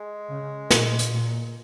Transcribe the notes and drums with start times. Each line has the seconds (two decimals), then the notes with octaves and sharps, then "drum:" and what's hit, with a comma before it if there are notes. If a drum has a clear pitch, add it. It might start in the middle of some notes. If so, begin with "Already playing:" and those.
Already playing: G#3
0.28 C#3
0.70 A#2, drum: snare
0.99 drum: hi-hat
1.13 A#2